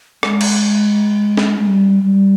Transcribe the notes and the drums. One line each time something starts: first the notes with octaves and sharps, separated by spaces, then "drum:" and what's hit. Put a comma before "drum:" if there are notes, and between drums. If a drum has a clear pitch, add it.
G#3, drum: rim click
drum: cymbal
drum: snare
G#3
G3
G3